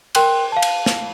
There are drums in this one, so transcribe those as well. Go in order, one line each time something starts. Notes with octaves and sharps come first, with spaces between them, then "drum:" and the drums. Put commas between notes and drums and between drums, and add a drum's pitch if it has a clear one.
A#4 G5 C6 F#6, drum: cymbal
F5 A5
drum: cymbal
drum: snare